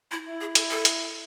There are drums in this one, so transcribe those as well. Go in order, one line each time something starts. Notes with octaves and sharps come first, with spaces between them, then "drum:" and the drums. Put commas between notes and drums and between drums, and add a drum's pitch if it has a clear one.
E4
E4
G#4
A4, drum: hi-hat
A4
drum: hi-hat